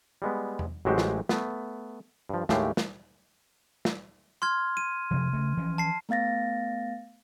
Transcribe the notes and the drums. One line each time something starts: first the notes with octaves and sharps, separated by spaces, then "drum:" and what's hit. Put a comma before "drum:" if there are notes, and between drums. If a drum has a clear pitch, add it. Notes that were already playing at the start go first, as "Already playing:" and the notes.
G3 G#3 B3
drum: tom E2
A1 F#3 G#3 F#4 G4 C5
drum: snare
A3 B3, drum: snare
G2 F3
D#2 A2 G#3 A3 G4 F5, drum: snare
drum: snare
drum: snare
C6 F6 G#6
D#7
C3 F3
C#3 A3
E3 F3 C#4
A5 C7
A3 B3 F5 A6 A#6